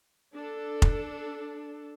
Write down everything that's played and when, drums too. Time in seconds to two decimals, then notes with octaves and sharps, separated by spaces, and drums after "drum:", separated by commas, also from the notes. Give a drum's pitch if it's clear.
0.34 D4 A4
0.82 drum: kick